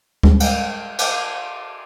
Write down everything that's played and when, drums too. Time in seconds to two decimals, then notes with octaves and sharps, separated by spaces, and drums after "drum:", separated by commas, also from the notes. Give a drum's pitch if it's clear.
0.23 G3 G#3 C#4, drum: kick D2
0.40 drum: cymbal
0.99 drum: cymbal